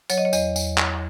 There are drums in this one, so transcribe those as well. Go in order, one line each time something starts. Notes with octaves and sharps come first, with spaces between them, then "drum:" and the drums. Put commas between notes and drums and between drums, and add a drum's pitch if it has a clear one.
F#3 C#5, drum: tambourine
D#5
C#5
E2 D#5, drum: tambourine
E2, drum: tambourine
E2, drum: clap